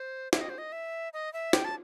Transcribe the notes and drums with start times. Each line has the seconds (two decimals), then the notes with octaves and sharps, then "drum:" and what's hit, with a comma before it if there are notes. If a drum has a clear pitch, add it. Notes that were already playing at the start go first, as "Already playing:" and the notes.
Already playing: C5
0.33 E5, drum: snare
0.40 D#5
0.49 C5
0.58 D#5
0.72 E5
1.13 D#5
1.33 E5
1.53 G5, drum: snare
1.64 A5